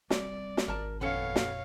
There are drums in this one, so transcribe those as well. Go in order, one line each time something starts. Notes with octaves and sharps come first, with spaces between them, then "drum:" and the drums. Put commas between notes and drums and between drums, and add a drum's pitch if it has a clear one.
G3 C4 D5, drum: snare
drum: snare
G#1 A#4 A5
A#1 F2 B3 C#4 A4 C#5 F5
drum: snare